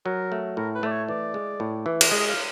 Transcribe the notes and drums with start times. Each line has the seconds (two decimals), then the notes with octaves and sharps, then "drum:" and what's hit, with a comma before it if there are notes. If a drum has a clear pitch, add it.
0.06 F#3 A#4
0.32 A3
0.56 A2 A#4
0.75 B4
0.83 A3 D5
0.91 C#5
1.08 E3 D5
1.34 G#3
1.60 A2
1.86 E3
2.01 drum: cymbal
2.11 G#3 D#5
2.28 F5